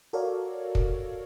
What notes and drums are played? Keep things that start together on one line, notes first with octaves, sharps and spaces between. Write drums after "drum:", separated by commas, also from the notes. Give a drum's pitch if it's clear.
F#4 A4 A#4 C#5 D5 F5
drum: kick